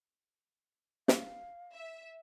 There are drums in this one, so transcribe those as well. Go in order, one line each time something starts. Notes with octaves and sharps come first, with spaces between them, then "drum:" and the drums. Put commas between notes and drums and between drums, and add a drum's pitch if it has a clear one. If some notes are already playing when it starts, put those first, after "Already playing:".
F5, drum: snare
E5